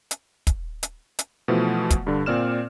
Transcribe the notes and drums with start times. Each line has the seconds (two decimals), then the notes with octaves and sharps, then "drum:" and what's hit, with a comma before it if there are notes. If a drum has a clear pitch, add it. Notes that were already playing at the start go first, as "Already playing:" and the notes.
0.11 drum: hi-hat
0.47 drum: kick, hi-hat
0.83 drum: hi-hat
1.19 drum: hi-hat
1.48 B2 E3 F3 A3
1.90 drum: kick, hi-hat
2.07 G2 D3
2.26 A#2 C4 D5 F6 E7